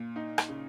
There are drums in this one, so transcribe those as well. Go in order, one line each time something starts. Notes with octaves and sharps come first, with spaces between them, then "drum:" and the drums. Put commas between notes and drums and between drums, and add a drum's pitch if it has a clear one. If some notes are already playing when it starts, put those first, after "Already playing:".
Already playing: A#2
D#4
drum: rim click
C#3